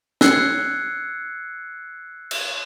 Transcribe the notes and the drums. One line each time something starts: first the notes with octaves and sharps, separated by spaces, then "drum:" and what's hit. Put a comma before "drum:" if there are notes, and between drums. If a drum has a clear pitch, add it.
E6 F#6 G#6 C7 C#7, drum: snare
drum: cymbal